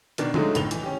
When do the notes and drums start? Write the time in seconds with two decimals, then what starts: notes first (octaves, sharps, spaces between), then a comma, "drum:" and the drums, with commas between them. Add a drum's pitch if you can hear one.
0.18 B2 D#3 D4, drum: hi-hat
0.34 D3 F3 F#3 G#3 A3 D#4, drum: tom
0.55 F#1 A2 D#3 F7 G7, drum: hi-hat
0.71 E3, drum: hi-hat
0.83 C#4 G4